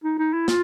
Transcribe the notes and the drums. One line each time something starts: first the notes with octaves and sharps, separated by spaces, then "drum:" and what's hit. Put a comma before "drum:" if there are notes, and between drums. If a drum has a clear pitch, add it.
D#4
D#4
E4
F4, drum: snare